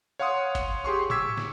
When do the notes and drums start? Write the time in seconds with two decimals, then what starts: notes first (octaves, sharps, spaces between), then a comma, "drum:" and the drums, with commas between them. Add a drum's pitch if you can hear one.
0.19 C#5 F5 F#5 C6 D#6
0.55 drum: kick F#1, hi-hat
0.84 G4 G#4 C6 C#6
1.10 C#6 D6 E6 G#6 B6, drum: tom A2
1.37 drum: snare